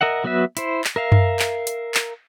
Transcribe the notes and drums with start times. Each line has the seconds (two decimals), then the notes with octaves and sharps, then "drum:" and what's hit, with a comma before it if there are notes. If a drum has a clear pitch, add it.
0.01 A#4 D#5 E5 F#5
0.24 F#3 B3 F#4 B4 E5
0.57 E4 C5, drum: hi-hat
0.84 drum: clap
0.96 A#4 E5 F5
1.12 drum: tom F#2
1.39 drum: clap
1.67 drum: hi-hat
1.94 drum: clap